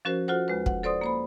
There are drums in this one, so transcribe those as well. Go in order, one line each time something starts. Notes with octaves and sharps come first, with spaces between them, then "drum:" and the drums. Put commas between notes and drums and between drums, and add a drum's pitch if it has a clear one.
F3 C#4 F#4 A#4 C5
F4 F#4 A4 C5 F#5
D#2 G#3 B4
F#5, drum: kick
A4 C5 D5 C6 D#6
A#3 C5 B5